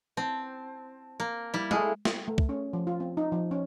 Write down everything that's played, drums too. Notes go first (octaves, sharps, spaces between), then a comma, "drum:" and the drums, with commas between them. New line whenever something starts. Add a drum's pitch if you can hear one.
C4 A5
A#3
G3 E4
G#3 A3 G#4 F5, drum: tom G#3
drum: snare
A3
drum: kick
C#4
F3
F4
C4
D#4
F3
C#4